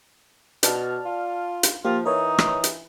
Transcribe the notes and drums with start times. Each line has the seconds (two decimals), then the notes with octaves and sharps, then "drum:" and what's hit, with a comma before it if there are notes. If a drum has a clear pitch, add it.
0.63 B2 D5 A5 F6, drum: hi-hat
1.05 F4
1.63 drum: hi-hat
1.85 F3 A#3 F4 G4
2.06 E3 D#4 A#4 C#5
2.38 drum: rim click
2.64 drum: hi-hat